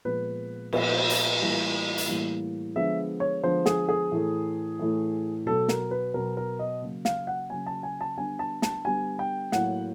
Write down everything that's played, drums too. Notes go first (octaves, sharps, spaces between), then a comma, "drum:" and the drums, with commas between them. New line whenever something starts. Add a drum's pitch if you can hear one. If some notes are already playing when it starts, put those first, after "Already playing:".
A#2 F3 G#3 B3 B4
A#2 F3 G#3 B3 B4, drum: cymbal
B4
C5
drum: hi-hat
A2 E3 G3 A#3
drum: hi-hat
A2 E3 G3 A#3
D3 F3 G#3 B3 E5
C#5
D3 F3 G#3 B3 C5
G#4, drum: snare
G#4
A2 E3 A3
A2 E3 A3
B2 F#3 B3 A4
A#4, drum: snare
B4
B2 F#3 B3 A#4
A#4
D#5
C#3 F#3 A#3
F5, drum: snare
F#5
C#3 F#3 A#3 G#5
A5
G#5
A5
D3 G3 B3 G#5
A5
A5, drum: snare
D3 G3 B3 G#5
G5
A2 F#3 A#3 F#5, drum: snare